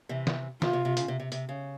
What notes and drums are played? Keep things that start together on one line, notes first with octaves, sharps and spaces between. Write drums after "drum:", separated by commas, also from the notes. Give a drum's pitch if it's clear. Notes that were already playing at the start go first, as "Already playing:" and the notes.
C3 E3
drum: snare
C3 F4, drum: snare
C3
C3
C#3, drum: hi-hat
C3
C3
C3, drum: hi-hat
C#3